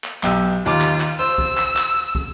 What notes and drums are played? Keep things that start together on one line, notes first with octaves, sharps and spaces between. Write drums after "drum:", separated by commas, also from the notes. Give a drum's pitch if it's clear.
drum: clap
B1 G4 E6, drum: clap
D#2 F4 D6
drum: clap
drum: clap
C5 E6
drum: kick
drum: clap
drum: clap
drum: kick